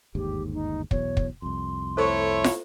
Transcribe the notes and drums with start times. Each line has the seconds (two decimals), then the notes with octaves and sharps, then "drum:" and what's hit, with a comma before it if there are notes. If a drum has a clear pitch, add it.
0.15 G1 D#2 G#2 G4
0.53 D#4
0.91 B1 E2 B2 C#5, drum: kick
1.17 drum: kick
1.42 C2 F2 C6
1.97 A3 E4 A4 C5 C#5 C#6
2.44 drum: snare